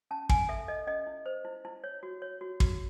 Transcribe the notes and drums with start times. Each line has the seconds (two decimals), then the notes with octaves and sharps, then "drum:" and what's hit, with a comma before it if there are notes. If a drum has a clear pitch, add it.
0.11 C#4 A5
0.29 C#4 G#5, drum: kick
0.49 A4 E5
0.68 A4 D#5
0.87 C#4 D#5
1.07 E4
1.26 C5
1.45 E4
1.65 E4
1.84 C#5
2.03 F#4
2.22 C#5
2.41 F#4
2.60 F#4, drum: kick